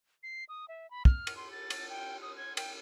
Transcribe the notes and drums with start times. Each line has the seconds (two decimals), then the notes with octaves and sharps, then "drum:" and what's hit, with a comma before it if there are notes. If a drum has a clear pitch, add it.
0.23 C7
0.49 D#6
0.68 E5
0.91 B5
1.05 F6, drum: kick
1.27 drum: cymbal
1.37 C6
1.51 A6
1.70 drum: cymbal
1.90 G5
2.22 D#6
2.37 G#6
2.57 G5, drum: cymbal